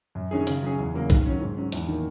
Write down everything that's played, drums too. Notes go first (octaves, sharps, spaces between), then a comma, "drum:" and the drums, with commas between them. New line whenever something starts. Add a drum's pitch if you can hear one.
F#2
D#3 F#3 C#4 G#4
C#3, drum: hi-hat
F#3 C#4 G#4
E2
C#3 F#3 A#3
D#3, drum: kick, hi-hat
F#3 C#4
G#2
F#3 C#4
E2, drum: hi-hat
D#3 A#3